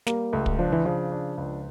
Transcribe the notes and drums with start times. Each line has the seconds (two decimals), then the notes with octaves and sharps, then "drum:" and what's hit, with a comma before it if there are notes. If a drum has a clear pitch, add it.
0.07 G3 A#3, drum: snare
0.33 C#2 A3
0.46 drum: kick
0.59 F3 D4
0.72 E3
0.85 C#3 F3
1.12 D4
1.38 C#2